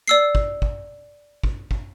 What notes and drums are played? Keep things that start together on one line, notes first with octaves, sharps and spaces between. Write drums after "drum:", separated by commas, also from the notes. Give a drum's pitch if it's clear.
D5 E6 C7
drum: kick
drum: kick
drum: kick
drum: kick